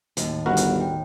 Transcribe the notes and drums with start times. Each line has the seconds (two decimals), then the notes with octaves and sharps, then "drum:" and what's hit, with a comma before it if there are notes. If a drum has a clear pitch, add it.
0.17 D#2 A2, drum: hi-hat
0.46 G1 B3 F#4 A#4 F#5
0.57 drum: hi-hat
0.81 G5